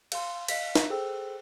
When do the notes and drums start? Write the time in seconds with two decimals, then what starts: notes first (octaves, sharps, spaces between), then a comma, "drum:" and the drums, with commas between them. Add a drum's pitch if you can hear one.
0.12 F5 C6, drum: cymbal
0.48 D#5 F5 B6, drum: cymbal
0.76 drum: snare
0.90 G#4 A4 C5 G5 E6